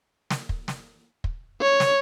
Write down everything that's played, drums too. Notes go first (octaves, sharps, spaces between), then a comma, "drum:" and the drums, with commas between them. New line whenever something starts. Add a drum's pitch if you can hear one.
drum: snare
drum: kick
drum: snare
drum: kick
C#5
drum: snare